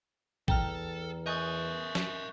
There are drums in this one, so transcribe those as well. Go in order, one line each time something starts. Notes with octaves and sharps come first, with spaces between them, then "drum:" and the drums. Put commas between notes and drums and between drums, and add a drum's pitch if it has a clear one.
E2 A4 G5 A#5 F6, drum: kick A1
A#4 D#5 E5 G#5 C#6 D#6 F#6 G6
drum: snare